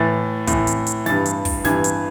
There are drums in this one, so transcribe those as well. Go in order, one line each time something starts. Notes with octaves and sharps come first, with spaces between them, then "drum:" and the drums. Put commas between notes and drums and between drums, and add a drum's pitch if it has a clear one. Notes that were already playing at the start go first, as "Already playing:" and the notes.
Already playing: A2 E3 A6
A2 E3, drum: kick, hi-hat
drum: hi-hat
drum: hi-hat
G2 E3 A6, drum: snare
drum: hi-hat
drum: kick, open hi-hat
G2 E3 G#6, drum: snare
drum: hi-hat